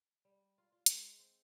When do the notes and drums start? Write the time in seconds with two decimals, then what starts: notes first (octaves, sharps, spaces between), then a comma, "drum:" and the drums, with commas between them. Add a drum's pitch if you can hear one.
0.25 G3
0.58 F4
0.72 F4
0.86 G#3, drum: hi-hat
1.19 C4